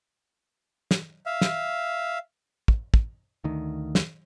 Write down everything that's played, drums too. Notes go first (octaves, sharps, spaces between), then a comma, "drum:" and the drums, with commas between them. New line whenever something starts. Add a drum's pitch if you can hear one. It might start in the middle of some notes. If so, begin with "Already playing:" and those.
drum: snare
E5 F5
drum: snare
drum: kick
drum: kick
D2 D#3
drum: snare